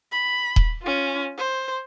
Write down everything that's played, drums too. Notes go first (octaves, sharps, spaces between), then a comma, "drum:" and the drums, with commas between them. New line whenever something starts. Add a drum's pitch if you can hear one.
B5
drum: kick D#1
C#4 F4
C5